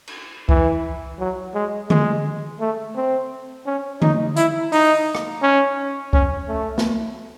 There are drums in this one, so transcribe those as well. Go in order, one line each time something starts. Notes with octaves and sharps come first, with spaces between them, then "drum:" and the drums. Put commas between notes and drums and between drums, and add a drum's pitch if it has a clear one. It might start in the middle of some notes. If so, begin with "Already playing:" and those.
drum: cymbal
E3, drum: kick C2
F#3
G#3
G#3, drum: tom D3
A3
C4
C#4
D#4, drum: tom D3
E4, drum: hi-hat
D#4, drum: open hi-hat
drum: rim click
C#4
C#4, drum: kick C2
A3
drum: snare